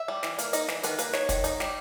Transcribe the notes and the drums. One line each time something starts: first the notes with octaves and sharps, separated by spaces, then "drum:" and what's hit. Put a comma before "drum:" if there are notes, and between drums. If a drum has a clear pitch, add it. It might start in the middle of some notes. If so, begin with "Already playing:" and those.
Already playing: E5
G3
E3, drum: snare
A#3, drum: hi-hat
D#4 D#5, drum: hi-hat
E3, drum: snare
D#3 B4, drum: hi-hat
A#3 B4, drum: hi-hat
D#4 C#5, drum: snare
D#3, drum: kick, hi-hat
D#4, drum: hi-hat
G3, drum: snare